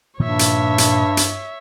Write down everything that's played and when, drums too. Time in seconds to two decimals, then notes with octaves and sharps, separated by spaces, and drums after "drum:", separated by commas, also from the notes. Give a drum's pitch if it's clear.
0.20 G2 A#2 D#3 F3 C#5 E5
0.39 drum: hi-hat
0.78 drum: hi-hat
1.17 drum: hi-hat